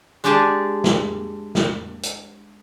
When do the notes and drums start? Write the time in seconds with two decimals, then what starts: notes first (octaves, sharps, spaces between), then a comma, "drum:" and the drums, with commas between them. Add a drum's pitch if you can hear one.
0.24 G#3 D4 G4 G#4 D5 A5
0.84 drum: snare
1.55 drum: snare
2.03 drum: hi-hat